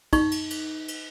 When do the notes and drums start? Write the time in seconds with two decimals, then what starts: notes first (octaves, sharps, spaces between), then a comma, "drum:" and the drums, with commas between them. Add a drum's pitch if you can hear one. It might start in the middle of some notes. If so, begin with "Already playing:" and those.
0.13 D#4 C#6, drum: kick, cymbal
0.32 drum: cymbal
0.50 drum: cymbal
0.88 drum: cymbal